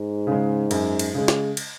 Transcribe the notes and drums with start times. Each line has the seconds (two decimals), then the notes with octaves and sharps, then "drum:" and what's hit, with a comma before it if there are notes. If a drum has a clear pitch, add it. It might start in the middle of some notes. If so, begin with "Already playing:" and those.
Already playing: G#2
0.27 C#3 G#3
0.71 F#2, drum: cymbal
0.99 drum: cymbal
1.14 C#3 G#3
1.28 drum: snare
1.57 drum: cymbal